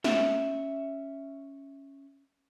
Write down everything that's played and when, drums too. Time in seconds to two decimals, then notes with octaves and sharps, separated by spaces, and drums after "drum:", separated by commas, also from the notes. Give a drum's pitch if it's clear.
0.04 C#4 E5, drum: snare